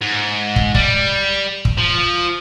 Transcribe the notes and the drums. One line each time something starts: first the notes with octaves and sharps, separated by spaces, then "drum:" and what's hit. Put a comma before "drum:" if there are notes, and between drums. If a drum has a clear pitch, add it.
G#2
drum: kick
G3, drum: kick
drum: kick
F3